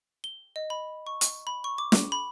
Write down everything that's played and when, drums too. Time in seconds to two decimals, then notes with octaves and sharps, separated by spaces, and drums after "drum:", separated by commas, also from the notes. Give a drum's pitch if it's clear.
0.24 G7
0.56 D#5
0.70 B5
1.07 C#6
1.21 drum: hi-hat
1.47 B5
1.64 C#6
1.78 D6
1.92 drum: snare
2.12 B5